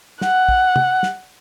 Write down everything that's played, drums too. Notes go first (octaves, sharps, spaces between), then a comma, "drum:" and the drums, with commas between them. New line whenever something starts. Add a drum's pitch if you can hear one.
F#5, drum: snare
drum: kick
drum: tom
drum: snare